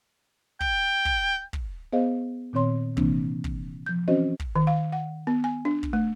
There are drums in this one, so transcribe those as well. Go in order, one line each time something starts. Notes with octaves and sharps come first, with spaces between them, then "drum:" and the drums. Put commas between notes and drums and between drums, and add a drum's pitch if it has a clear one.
G5, drum: kick
drum: kick
drum: kick
B3 G#4 C5 D#5 F5
A#2 D#3 C4 C#5 C6
C3 E3 A#3 C4 D4, drum: kick
drum: kick
F3 G6
E3 C4 C#4 F#4 C5 D#5
drum: kick
D#3
F5
F#5
B3
G#5
D4
drum: kick
A3